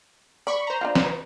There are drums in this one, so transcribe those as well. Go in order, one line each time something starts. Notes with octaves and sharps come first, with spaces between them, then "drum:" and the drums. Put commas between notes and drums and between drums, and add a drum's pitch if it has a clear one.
D5 B5 C#6
C5 A#5
D4 D#4 F4
drum: snare
B4